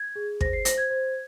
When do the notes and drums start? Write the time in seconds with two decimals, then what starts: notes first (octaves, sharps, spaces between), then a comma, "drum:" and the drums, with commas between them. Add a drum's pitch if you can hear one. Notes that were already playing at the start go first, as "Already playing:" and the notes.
Already playing: G#6
0.16 G#4
0.41 C5 A#6, drum: kick
0.53 C7
0.65 C5 A#6, drum: hi-hat
0.78 G#6
0.90 C5